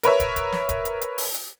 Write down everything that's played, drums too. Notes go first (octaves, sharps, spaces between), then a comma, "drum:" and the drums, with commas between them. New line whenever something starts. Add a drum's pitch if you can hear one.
A#4 B4 C#5 E5, drum: hi-hat
drum: kick, hi-hat
drum: kick, hi-hat
drum: snare
drum: kick, hi-hat
drum: hi-hat
drum: hi-hat
drum: open hi-hat
drum: hi-hat